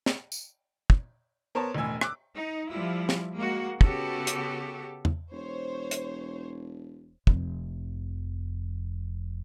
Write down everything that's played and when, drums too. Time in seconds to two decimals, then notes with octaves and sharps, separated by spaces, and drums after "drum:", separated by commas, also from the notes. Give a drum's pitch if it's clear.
0.06 drum: snare
0.32 drum: tambourine
0.90 drum: kick
1.55 B3 A#4 C5 C#5 A5
1.74 E1 A1 A2 G#5 E6
2.01 D6 F#6, drum: rim click
2.35 D#4
2.69 F3 G3 E4 F4
3.09 drum: snare
3.35 G#3 A#3 F#4
3.81 C#3 B3 F#4 G4 A4, drum: kick
4.27 drum: hi-hat
5.05 drum: tom E2
5.32 E1 C5 C#5
5.91 drum: hi-hat
7.27 F1 F2, drum: kick